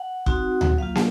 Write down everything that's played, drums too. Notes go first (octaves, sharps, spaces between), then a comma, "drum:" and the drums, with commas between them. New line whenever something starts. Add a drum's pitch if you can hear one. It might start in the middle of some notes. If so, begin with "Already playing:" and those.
Already playing: F#5
C4 D#4 F#4, drum: kick
drum: tom D2
F#3 A#3 F4 F5
drum: snare